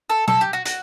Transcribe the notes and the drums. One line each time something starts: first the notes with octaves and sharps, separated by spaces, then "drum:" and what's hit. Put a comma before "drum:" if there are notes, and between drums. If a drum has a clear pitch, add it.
A4
A4, drum: tom
G4
F#4
F#4, drum: hi-hat